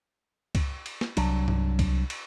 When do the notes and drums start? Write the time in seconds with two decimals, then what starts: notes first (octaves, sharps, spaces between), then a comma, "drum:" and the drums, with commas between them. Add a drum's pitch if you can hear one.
0.55 drum: kick C#2, cymbal
0.86 drum: cymbal
1.01 drum: snare
1.17 C2 F#3 D4, drum: cymbal
1.48 drum: tom G2
1.79 drum: kick C#2, cymbal
2.10 drum: cymbal